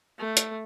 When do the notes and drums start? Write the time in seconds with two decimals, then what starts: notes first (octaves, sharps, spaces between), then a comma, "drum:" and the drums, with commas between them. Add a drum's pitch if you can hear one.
0.19 A3
0.37 drum: hi-hat